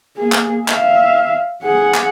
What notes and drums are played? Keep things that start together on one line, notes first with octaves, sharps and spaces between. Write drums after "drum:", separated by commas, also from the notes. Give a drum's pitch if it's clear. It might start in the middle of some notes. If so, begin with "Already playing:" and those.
A#3 G#4
drum: clap
E5 F5, drum: clap
G#4 F#5
drum: clap